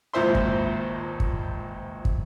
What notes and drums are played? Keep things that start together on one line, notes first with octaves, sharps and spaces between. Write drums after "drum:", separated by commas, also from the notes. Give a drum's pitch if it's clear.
G#1 C#2 A#2 C5 E5 C6
drum: kick
drum: kick
drum: kick